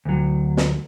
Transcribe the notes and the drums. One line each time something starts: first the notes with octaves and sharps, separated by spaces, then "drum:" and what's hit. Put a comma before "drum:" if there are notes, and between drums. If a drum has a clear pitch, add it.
D2 F#3
drum: snare